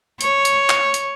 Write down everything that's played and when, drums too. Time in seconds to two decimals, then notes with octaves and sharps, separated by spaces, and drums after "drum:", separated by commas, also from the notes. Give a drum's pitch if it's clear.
0.21 C#5, drum: hi-hat
0.45 drum: hi-hat
0.70 drum: clap
0.94 drum: hi-hat